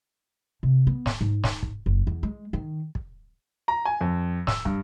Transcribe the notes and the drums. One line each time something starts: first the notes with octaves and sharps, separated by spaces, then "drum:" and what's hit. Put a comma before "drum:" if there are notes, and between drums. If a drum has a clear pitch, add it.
C3
B3
drum: snare
G#2
drum: snare
drum: kick
F#1
E2
G#3
D#3
drum: kick
A#5
G#5
F2
E6, drum: snare
G2, drum: kick